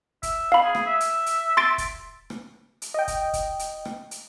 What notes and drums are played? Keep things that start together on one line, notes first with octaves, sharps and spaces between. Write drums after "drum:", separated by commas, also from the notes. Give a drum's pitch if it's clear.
E5, drum: kick, hi-hat
F5 B5
G#4
drum: rim click
E5
drum: hi-hat
drum: hi-hat
C6 A6 D7
drum: kick, hi-hat
drum: rim click
drum: hi-hat
D#5 G5
drum: kick, hi-hat
drum: kick, hi-hat
drum: hi-hat
drum: rim click
drum: hi-hat